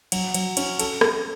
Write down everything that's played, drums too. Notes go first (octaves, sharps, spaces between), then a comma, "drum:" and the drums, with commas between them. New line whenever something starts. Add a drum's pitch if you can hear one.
F#3, drum: cymbal
F#3, drum: cymbal
C#4, drum: cymbal
A4, drum: cymbal
A4, drum: rim click